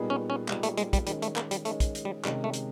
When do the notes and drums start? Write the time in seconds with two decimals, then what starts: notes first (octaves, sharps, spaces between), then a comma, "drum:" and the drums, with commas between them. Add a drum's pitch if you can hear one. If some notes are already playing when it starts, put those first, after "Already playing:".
Already playing: A#2 G3 B3 D#4 G#4
0.10 C#4
0.30 C#4
0.49 A#2 G3 B3 D#4 G#4, drum: clap
0.63 A3, drum: hi-hat
0.78 G#3, drum: hi-hat
0.93 G3, drum: kick, hi-hat
1.07 D#3 G3 G#3 C#4, drum: hi-hat
1.22 A3, drum: hi-hat
1.36 A#3, drum: clap
1.51 G3, drum: hi-hat
1.65 D#3 G#3 A3 C#4, drum: hi-hat
1.80 drum: kick, hi-hat
1.95 drum: hi-hat
2.05 G3
2.24 C3 D#3 G3 G#3 C#4, drum: clap
2.44 A3
2.54 drum: hi-hat